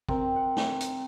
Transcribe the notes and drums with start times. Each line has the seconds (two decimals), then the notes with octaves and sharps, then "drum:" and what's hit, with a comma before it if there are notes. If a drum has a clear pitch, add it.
0.09 C4 A#4, drum: kick
0.36 F#5
0.57 drum: snare
0.81 drum: hi-hat